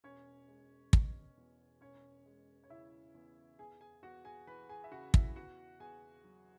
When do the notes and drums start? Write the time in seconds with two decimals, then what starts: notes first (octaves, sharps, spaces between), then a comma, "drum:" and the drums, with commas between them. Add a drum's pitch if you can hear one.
0.04 E1 C#4 C#5
0.48 G#3
0.93 B2, drum: kick
1.37 E2
1.81 E1 C#4 C#5
2.26 G#3
2.64 C#5
2.69 C#3 E4 E5
3.15 E2
3.59 E2 G#4 G#5
3.81 G#4 G#5
4.03 E2 F#4 F#5
4.25 G#4 G#5
4.47 E3 B4 B5
4.69 G#4 G#5
4.84 E5
4.91 C#3 F#4 F#5
5.14 E4 E5, drum: kick
5.35 E2 F#4 F#5
5.80 E2 G#4 G#5
6.24 F#3